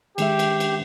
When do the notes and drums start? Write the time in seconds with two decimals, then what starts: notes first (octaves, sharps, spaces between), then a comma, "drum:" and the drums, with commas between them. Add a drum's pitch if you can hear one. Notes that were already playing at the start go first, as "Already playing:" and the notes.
0.18 D#3 G#3 G4 E5, drum: cymbal
0.39 drum: cymbal
0.60 drum: cymbal